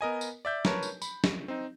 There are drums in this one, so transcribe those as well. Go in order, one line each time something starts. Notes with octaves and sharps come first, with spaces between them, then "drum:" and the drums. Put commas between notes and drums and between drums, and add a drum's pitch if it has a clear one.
B3 A#4 D#5 G#5
drum: tambourine
D5 E5 G6
A#4 B4 C#5 A5, drum: snare
drum: tambourine
B5, drum: tambourine
drum: snare
C4 D#4